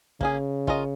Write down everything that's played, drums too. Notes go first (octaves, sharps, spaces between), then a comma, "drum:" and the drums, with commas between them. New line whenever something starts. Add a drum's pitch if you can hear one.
C#3 A#3 C#4 G#4, drum: kick
C#4 F4 A#4 D#5, drum: kick